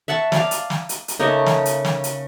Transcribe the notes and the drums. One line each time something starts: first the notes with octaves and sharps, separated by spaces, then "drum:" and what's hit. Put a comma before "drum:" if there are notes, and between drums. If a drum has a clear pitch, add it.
E5 F#5 A5 C#6
D5 F5, drum: snare
drum: hi-hat
drum: snare
drum: hi-hat
drum: hi-hat
C#3 A3 A#3 D#4
drum: snare
drum: hi-hat
drum: snare
drum: hi-hat